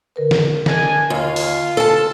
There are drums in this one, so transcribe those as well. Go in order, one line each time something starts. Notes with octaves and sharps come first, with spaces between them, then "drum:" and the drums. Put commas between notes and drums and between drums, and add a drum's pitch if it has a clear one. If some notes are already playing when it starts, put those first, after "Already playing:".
D3 A#4 B4
drum: snare
D4 D#5 G#5, drum: snare
D#2 F4
drum: open hi-hat
A4 A5